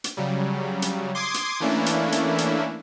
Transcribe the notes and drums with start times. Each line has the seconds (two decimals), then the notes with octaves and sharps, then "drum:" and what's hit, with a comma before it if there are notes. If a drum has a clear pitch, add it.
0.04 drum: hi-hat
0.17 C#3 F#3 G3
0.82 drum: hi-hat
1.15 C6 D6 D#6 G#6 C7
1.34 drum: hi-hat
1.60 E3 A3 A#3 C#4 D4 E4
1.86 drum: hi-hat
2.12 drum: hi-hat
2.38 drum: hi-hat